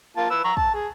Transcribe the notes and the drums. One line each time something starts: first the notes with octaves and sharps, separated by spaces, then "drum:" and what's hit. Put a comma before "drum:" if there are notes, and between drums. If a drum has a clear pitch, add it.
A#3 F4 A5
B4 E6
A#5 C#6
A5, drum: kick
G#4